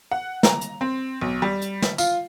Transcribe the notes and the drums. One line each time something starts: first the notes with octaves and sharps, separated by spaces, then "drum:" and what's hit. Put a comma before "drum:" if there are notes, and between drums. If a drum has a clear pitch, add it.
F#5
A#5, drum: snare
drum: hi-hat
C4
B1
G3
drum: hi-hat
drum: snare
F4, drum: tambourine